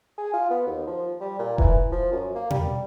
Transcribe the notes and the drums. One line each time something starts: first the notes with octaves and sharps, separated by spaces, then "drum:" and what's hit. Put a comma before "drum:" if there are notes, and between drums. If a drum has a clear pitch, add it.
G#4
F4
B3
D#2
F3
G3
A#2
E3, drum: kick E1
F3
F#2
A#3
G3, drum: tom B2